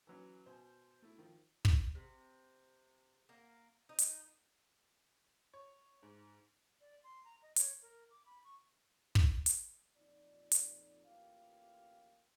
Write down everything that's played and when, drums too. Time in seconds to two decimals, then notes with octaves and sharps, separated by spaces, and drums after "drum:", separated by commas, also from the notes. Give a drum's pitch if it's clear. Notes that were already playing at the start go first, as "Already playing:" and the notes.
0.07 E3 F#3 C#4
0.46 B2 C5 G#5
1.02 A3 E4
1.18 D#3 F3
1.65 drum: kick
1.95 C3
3.29 A#3
3.89 D#4
3.99 drum: hi-hat
5.54 C#5
6.03 G#2
6.81 D5
7.04 C6
7.24 A#5
7.42 D#5
7.56 C#5, drum: hi-hat
7.82 A#4
8.10 D6
8.26 B5
8.44 C#6
9.15 drum: kick
9.46 drum: hi-hat
9.96 F2 A#2 D#4 D5
10.51 drum: hi-hat
11.05 A1 A#3 F4 G4 F5